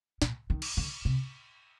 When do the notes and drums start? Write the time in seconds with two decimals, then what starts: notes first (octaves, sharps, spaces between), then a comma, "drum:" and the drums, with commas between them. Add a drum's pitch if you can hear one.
0.22 A#2, drum: snare
0.50 D#3
0.62 drum: cymbal
0.77 D3
1.05 C3